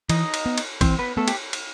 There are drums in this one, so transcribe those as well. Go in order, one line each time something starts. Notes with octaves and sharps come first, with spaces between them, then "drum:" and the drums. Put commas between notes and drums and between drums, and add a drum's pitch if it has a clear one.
E3 D#4 D#5, drum: cymbal
drum: cymbal
B3
drum: cymbal
E3 C4 C5, drum: kick, cymbal
B3 B4
A3 B3 A4
G4, drum: cymbal
drum: cymbal